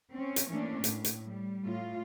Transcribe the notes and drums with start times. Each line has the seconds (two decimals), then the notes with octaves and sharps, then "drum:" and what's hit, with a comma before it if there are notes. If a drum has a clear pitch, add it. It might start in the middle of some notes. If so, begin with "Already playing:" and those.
0.13 C4 C#4
0.36 drum: hi-hat
0.51 E3 A3 A#3 C#4 D4
0.84 A2, drum: hi-hat
1.04 drum: hi-hat
1.26 G3
1.66 A2 F4